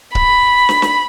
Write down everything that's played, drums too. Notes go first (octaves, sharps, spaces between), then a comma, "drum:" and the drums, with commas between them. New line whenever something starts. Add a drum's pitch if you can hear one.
B5, drum: kick C#1
drum: snare
drum: snare